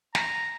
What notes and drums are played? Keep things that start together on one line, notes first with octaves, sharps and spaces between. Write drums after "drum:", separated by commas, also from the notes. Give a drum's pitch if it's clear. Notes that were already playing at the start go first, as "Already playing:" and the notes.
A#5, drum: snare